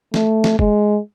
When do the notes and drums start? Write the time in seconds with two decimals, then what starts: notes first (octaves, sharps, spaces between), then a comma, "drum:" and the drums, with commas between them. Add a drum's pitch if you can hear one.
0.14 A3, drum: snare
0.44 drum: snare
0.59 G#3, drum: kick